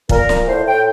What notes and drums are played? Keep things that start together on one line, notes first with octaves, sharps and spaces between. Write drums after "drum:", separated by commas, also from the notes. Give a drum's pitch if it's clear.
A#2 A#4, drum: kick
A#2, drum: snare
A2 C5
A2 G5